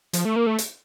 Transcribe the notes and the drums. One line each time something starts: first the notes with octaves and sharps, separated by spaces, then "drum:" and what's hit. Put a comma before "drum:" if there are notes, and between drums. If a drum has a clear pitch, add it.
F3, drum: hi-hat
A3
A#3
A3
drum: hi-hat